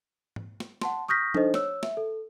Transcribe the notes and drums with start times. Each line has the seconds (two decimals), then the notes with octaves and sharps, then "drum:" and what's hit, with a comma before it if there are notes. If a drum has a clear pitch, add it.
0.36 drum: tom G#2
0.60 drum: snare
0.81 F#5 A5 C6, drum: snare
1.08 C#6 D#6 F6 G6 A#6 B6
1.34 D4 D#4 A4 C5 D#5, drum: tom F3
1.54 C#5 E6, drum: snare
1.83 E5, drum: snare
1.97 A4